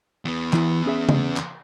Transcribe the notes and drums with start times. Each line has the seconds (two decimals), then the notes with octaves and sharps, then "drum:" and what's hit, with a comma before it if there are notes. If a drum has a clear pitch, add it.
0.25 E2 B3
0.53 E3 E4, drum: clap
0.86 C#4 G#4 E5
1.09 drum: tom C#3
1.36 drum: clap